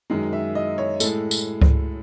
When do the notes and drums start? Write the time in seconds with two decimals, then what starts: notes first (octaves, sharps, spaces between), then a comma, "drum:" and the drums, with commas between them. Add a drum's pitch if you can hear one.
0.10 F#2 D#3 G#3
0.33 E5
0.55 D#5
0.78 C#5
1.00 A2 G#3 A4, drum: tambourine
1.31 drum: tambourine
1.62 drum: kick C#2